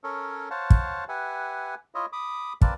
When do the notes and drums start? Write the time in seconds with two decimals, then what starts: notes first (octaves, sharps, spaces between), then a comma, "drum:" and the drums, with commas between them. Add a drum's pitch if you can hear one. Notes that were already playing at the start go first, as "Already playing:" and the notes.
0.04 C#4 A4 A#4 C#5
0.51 C5 C#5 F5 F#5 A5
0.70 drum: kick
1.09 G4 B4 E5 F#5 G#5
1.95 E4 F4 C#5 D#5 E5
2.13 B5 D6 D#6
2.61 A#3 C4 A#4 B4 D5 A5, drum: kick